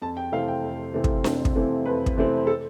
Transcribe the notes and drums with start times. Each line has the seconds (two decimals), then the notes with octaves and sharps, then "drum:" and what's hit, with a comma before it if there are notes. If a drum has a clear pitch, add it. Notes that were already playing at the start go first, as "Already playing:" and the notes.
0.02 F2 A5
0.17 G5
0.32 C3 E3 A3 C4 F5
0.48 G5
0.64 F2
0.94 C3 E3 A3 C4
1.04 drum: kick
1.24 F2, drum: snare D4
1.45 drum: kick
1.55 C3 E3 A3 C4
1.86 F2 B4
2.06 drum: kick
2.17 C3 E3 A3 C4
2.47 A4